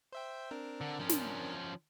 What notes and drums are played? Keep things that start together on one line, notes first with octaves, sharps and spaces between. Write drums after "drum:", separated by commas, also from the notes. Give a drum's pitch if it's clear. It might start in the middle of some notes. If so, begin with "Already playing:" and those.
C5 E5 G5
C4 D4 A#4
D3
F3 C#4
drum: snare